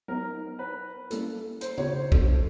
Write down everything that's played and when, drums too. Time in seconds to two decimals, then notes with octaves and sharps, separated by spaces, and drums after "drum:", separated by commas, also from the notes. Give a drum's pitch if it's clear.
0.08 F#3 B3 D#4 A#4
0.59 B4
1.11 G3 A#3 C#4 E4 A4, drum: hi-hat
1.61 C5, drum: hi-hat
1.78 C#5, drum: tom
1.96 C5
2.12 F#3 B3 D4 F#4 A4, drum: kick